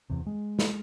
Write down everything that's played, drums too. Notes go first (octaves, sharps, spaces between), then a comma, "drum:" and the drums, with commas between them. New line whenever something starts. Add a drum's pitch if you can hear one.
E2 C3
G#3
drum: snare